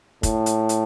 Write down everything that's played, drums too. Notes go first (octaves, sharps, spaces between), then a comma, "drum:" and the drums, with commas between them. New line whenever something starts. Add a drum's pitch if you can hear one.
A2, drum: kick, hi-hat
drum: hi-hat
drum: hi-hat